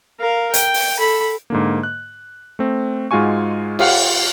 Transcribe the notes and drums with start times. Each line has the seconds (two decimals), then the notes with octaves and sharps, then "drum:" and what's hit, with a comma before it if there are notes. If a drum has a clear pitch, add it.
0.20 A#4 F5
0.54 G5, drum: hi-hat
0.74 drum: open hi-hat
0.98 A4 B5
1.50 G#2 D3 A#3
1.83 F#6
2.59 A3 C4
3.11 G#2 G#3 F4 F#4 G#5 C#6
3.79 F4 G4 F5 F#5, drum: cymbal